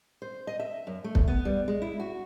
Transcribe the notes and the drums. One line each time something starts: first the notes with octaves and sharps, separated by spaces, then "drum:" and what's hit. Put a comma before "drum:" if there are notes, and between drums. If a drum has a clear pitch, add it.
C5
D#5
E5
F#2
A3
drum: kick
B3
G3
G#3
E4
F#4